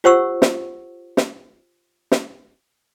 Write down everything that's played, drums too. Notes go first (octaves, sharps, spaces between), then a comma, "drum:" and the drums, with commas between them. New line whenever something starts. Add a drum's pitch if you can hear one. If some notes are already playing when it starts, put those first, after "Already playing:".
F4 G4 C5 F#5 C#6 E6
drum: snare
drum: snare
drum: snare